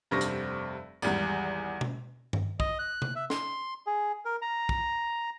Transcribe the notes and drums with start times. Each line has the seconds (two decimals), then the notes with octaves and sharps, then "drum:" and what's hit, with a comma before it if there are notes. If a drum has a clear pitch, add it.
0.11 F1 G2 C3 C4 C#6 A#6
0.21 drum: hi-hat
1.02 G#1 E2 G3, drum: tambourine
1.81 drum: tom B2
2.33 drum: tom G2
2.60 D#5, drum: kick
2.79 F#6
3.02 drum: tom C3
3.16 E5
3.30 C6, drum: snare
3.87 G#4
4.25 A#4
4.42 A#5
4.69 drum: kick